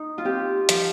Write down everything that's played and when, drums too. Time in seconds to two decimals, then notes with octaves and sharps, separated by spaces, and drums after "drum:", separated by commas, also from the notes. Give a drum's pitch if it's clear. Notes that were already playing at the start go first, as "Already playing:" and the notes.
Already playing: D#4
0.18 F4
0.25 C4 G4
0.69 F3, drum: hi-hat